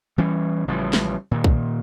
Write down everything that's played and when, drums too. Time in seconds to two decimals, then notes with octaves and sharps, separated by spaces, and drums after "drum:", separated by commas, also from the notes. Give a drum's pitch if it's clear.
0.18 E3 G3 C#4
0.68 A1 C#3 F3 G3
0.93 drum: snare
1.31 A#2 D#3
1.44 drum: kick